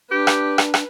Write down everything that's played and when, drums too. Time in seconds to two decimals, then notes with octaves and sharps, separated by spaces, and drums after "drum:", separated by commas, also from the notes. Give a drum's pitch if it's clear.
0.11 D4 G4 B4
0.27 drum: rim click
0.58 drum: rim click
0.74 drum: rim click